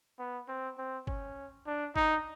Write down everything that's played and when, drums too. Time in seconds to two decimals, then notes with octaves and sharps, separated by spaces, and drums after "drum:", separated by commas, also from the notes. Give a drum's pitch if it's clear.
0.19 B3
0.48 C4
0.78 C4
1.07 C#4, drum: kick
1.67 D4
1.96 D#4, drum: kick